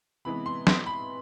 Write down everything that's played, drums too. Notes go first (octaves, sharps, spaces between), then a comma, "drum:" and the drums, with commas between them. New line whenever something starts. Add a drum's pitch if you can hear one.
C3 E3 G#3 B3 B5
C6
C6, drum: snare
B5